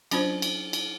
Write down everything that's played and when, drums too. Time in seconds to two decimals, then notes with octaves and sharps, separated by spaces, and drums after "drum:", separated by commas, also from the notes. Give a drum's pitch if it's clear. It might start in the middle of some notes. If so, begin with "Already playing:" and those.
0.11 F#3 C#4 D4 F4 C5, drum: cymbal
0.42 drum: cymbal
0.73 drum: cymbal